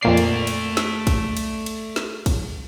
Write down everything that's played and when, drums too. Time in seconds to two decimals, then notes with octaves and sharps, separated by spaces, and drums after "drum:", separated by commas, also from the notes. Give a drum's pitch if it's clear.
0.02 F2 A#2 A3 D5 C7
0.17 drum: cymbal
0.47 drum: cymbal
0.77 drum: snare
1.07 drum: kick, cymbal
1.37 drum: cymbal
1.66 drum: cymbal
1.96 drum: snare
2.26 drum: kick, cymbal